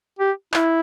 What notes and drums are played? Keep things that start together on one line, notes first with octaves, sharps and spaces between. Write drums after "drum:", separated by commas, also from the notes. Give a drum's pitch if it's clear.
G4
E4, drum: clap